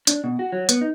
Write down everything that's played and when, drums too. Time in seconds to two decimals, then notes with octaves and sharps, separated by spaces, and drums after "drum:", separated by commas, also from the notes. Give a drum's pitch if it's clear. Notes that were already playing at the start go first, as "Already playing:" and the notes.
0.07 D4, drum: hi-hat
0.24 B2
0.39 F#4
0.53 F#3
0.69 B3, drum: hi-hat
0.81 D#4